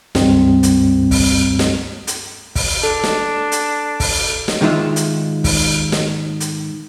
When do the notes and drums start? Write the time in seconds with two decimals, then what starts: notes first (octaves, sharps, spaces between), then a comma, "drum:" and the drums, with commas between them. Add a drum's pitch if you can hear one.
0.15 C#2 G2 G3 C4, drum: snare
0.63 drum: hi-hat
1.11 drum: kick, open hi-hat
1.59 drum: snare
2.07 drum: hi-hat
2.55 drum: kick, open hi-hat
2.84 D4 A4
3.04 drum: snare
3.52 drum: hi-hat
4.00 drum: kick, open hi-hat
4.48 drum: snare
4.61 G#2 D#3 G#3 F4 E5
4.96 drum: hi-hat
5.44 drum: kick, open hi-hat
5.92 drum: snare
6.40 drum: hi-hat